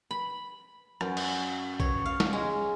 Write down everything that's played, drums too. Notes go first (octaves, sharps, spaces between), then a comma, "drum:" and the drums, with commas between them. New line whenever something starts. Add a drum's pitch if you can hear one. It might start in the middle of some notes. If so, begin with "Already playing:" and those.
B5
F#2, drum: rim click
drum: cymbal
C#5, drum: kick B1
F5
drum: snare
G#3